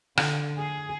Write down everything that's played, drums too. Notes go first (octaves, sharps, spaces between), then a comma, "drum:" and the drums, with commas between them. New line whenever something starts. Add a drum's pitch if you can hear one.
D3, drum: rim click
G#4